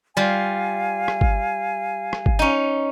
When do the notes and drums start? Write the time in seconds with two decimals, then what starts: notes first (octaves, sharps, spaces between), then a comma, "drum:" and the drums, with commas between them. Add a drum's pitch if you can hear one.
0.17 G3 F4 F5 G#5
1.08 drum: rim click
1.21 drum: kick G1
2.13 drum: rim click
2.26 drum: kick G1
2.39 C#4 D#4